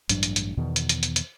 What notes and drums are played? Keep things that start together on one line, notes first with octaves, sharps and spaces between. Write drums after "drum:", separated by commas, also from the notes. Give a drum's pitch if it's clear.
A1 G2 F#3 D4, drum: hi-hat
drum: hi-hat
drum: hi-hat
E2 B2 D#3
drum: hi-hat
drum: hi-hat
drum: hi-hat
drum: hi-hat